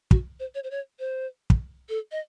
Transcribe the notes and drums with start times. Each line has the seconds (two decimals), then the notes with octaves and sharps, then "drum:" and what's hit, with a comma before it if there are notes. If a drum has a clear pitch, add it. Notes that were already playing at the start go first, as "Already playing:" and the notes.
0.11 F#4, drum: kick
0.40 C5
0.55 C#5
0.64 C5
0.71 C#5
0.99 C5
1.50 drum: kick
1.89 A4
2.12 D#5